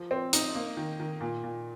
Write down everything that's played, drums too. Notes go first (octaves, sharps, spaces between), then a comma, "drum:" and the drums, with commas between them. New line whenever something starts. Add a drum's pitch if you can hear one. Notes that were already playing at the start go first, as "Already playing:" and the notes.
Already playing: F3
C4
D#4, drum: hi-hat
A#3
D#3
D#3
A#2
A#2